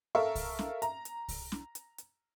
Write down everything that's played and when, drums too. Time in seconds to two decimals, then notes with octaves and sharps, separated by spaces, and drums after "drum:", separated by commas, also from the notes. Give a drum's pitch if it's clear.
0.15 A4 A#4 E5 F5 C#6
0.35 drum: kick C2, open hi-hat
0.59 drum: snare
0.82 A#5, drum: hi-hat
1.05 drum: hi-hat
1.28 drum: kick C2, open hi-hat
1.52 drum: snare
1.75 drum: hi-hat
1.98 drum: hi-hat